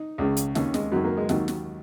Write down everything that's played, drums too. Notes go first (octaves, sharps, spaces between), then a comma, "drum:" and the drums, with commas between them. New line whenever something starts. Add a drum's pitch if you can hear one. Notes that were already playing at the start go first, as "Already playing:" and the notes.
Already playing: D#4
C#2 C#3
drum: hi-hat
D#2 D#3 C#4, drum: snare
G#3, drum: snare
F#2 D#3 F#3
A#3
G#3
D#2 D#3 F#3, drum: snare
drum: snare